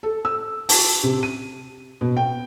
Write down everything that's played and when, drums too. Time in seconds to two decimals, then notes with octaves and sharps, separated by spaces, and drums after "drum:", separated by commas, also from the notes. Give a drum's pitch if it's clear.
0.03 A4
0.25 E6
0.69 A5, drum: open hi-hat
1.03 C3
1.23 D#7
2.01 B2
2.17 G5